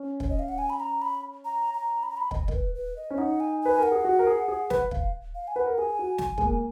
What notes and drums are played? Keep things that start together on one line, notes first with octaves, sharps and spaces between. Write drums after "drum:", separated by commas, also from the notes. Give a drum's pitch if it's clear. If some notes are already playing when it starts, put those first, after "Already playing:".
Already playing: C#4
C#5, drum: kick
D#5
F5
F#5
G#5
B5
A#5
B5
A#5
A#5
B5
A#5
B5
D#5, drum: kick
A#4, drum: kick
B4
B4
D#5
C#4
D#4 F#5
G#5
B4 G#5
A#4 F#5
G#4
F#4
A#4
G#4
G#4
B4, drum: snare
F5, drum: kick
F5
G#5
B4 F#5
A#4
G#4 G#5
F#4
drum: snare
G#3, drum: kick
A#3